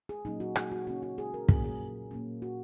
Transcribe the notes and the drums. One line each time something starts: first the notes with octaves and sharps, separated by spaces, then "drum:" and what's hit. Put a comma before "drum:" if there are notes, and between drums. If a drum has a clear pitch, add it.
G#4
A#2 F#3 A#3 C#4 D#4
F#4
G#4, drum: rim click
F#4
C#3 A#3 C#4 F#4
F#4
G#4
A#4
A#2 F#3 A#3 C#4 G#4, drum: kick
G#4
A#2 A#3 C#4
F#4